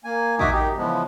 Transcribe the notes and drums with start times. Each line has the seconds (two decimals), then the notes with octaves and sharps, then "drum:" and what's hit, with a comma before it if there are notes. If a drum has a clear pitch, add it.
0.04 A#3 G#5
0.39 D#4 F#4 E5 G#5 D6 D#6, drum: kick A1
0.52 F#2 D#4 G4
0.77 C#3 E3 F3 G#3 B3